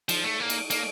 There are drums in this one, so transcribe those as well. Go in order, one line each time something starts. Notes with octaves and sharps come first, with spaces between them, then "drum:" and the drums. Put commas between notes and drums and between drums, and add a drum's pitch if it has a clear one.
F3, drum: cymbal
A3
A#3
drum: cymbal
A#3, drum: cymbal